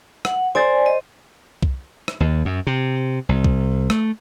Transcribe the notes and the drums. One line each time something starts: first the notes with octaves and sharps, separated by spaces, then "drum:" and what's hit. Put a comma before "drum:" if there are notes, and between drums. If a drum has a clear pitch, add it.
F#5, drum: rim click
C5 D5 G#5 A6
D#5
drum: kick C2
drum: rim click
D#2
F#2
C3
C2
drum: kick C2
A3, drum: rim click